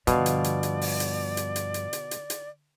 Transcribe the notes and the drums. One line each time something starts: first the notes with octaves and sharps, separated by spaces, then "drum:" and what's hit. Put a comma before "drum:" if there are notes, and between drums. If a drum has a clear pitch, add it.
G2 B2 D3 F3 D5 F5, drum: hi-hat
drum: hi-hat
drum: hi-hat
drum: hi-hat
drum: open hi-hat
drum: hi-hat
drum: hi-hat
drum: hi-hat
drum: hi-hat
drum: hi-hat
drum: hi-hat
drum: hi-hat